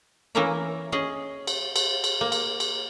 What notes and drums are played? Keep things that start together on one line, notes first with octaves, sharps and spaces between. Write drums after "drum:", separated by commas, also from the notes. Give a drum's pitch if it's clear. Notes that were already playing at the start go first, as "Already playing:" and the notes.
E3 A#3 C#4 E4 A#4 E5
C#4 G#4 D#5
drum: cymbal
drum: cymbal
drum: cymbal
A#3
drum: cymbal
drum: cymbal